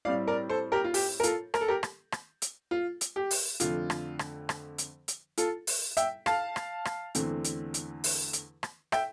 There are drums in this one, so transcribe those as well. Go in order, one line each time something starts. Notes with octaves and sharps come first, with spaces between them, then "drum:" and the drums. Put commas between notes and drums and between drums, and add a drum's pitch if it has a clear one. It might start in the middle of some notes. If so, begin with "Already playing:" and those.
A2 G3 C4 D5 F5
A#4 D5
A4 C5
G4 A#4
F4
G4, drum: open hi-hat
A#4
F4 A4, drum: hi-hat
A#4, drum: rim click
A4
G4 A#4
drum: rim click
drum: rim click
drum: hi-hat
F4
drum: hi-hat
G4
drum: open hi-hat
F2 D3 A3 F4, drum: hi-hat
drum: rim click
drum: rim click
drum: rim click
drum: hi-hat
drum: hi-hat
F4 A4, drum: hi-hat
drum: open hi-hat
E5 G5, drum: hi-hat
F5 A5, drum: rim click
drum: rim click
drum: rim click
E2 D3 A3 C4, drum: hi-hat
drum: hi-hat
drum: hi-hat
drum: open hi-hat
drum: hi-hat
drum: rim click
E5 G5, drum: rim click